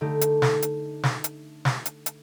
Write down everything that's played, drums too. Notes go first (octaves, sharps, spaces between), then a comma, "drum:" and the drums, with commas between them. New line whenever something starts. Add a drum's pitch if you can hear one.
D3 A3 D#4 G4
drum: hi-hat
drum: snare
drum: hi-hat
drum: snare
drum: hi-hat
drum: snare
drum: hi-hat
drum: hi-hat